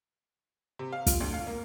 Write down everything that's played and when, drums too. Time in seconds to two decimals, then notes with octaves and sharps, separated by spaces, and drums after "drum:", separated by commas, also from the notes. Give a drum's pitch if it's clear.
0.79 C3
0.92 F5
1.07 F4, drum: kick, hi-hat
1.21 D2
1.34 F5
1.47 A#3